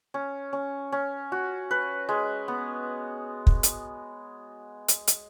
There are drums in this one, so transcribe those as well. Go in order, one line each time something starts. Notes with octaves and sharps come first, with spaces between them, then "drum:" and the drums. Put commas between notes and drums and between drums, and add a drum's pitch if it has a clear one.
C#4
C#4
C#4
F#4
B4
G#3
B3
drum: kick
drum: hi-hat
drum: hi-hat
drum: hi-hat